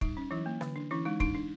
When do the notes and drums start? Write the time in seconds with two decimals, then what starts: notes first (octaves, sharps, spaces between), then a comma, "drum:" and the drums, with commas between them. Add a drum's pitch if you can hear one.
0.01 G3 D#4, drum: kick
0.17 C#4
0.31 E3 F#3 E4
0.46 A#3
0.61 D3, drum: rim click
0.76 D4
0.91 E3 C#4 E4
1.05 G#3 D#4
1.20 D4 D#4, drum: kick
1.35 D4